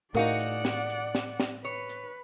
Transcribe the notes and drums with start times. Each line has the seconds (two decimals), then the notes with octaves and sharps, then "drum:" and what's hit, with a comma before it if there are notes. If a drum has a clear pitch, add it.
0.14 A2 D#4 F#4 G#4 A#4 D5 F5 F#5
0.40 drum: hi-hat
0.65 drum: snare
0.90 drum: hi-hat
1.15 drum: snare
1.40 drum: snare
1.65 B4 C#5
1.89 drum: hi-hat